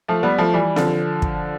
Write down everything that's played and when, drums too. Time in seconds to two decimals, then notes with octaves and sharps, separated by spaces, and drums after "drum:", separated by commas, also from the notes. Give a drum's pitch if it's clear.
0.08 F3 A3
0.23 G3 B3
0.38 F3 A3
0.54 E3 G3
0.76 D3 F3, drum: snare C4
1.22 drum: kick